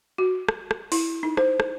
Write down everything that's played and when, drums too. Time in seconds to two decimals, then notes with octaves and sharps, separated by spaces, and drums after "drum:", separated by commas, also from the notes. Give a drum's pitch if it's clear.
0.18 F#4
0.49 drum: rim click
0.71 drum: rim click
0.92 E4, drum: open hi-hat
1.23 D#4
1.37 C5, drum: rim click
1.60 drum: rim click